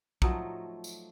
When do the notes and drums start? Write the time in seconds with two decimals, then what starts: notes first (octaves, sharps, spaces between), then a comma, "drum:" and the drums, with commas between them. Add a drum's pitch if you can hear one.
0.22 F3 F#3 A3 D#4, drum: kick
0.84 drum: tambourine